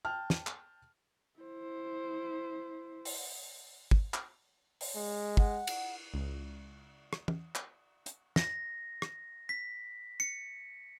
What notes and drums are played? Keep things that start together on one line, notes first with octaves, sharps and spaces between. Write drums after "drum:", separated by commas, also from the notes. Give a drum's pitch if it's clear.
G5 A5 F6
drum: snare
drum: clap
E4 C5
drum: open hi-hat
drum: kick
drum: clap
drum: open hi-hat
G#3
F#5, drum: kick
drum: cymbal
C#2
drum: rim click
drum: tom
drum: clap
drum: hi-hat
A#6, drum: snare
drum: rim click
B6
C#7